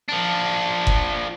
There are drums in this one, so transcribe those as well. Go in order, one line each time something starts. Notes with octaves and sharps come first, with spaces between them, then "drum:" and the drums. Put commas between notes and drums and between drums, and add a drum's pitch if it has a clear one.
F3 D4
drum: kick F#1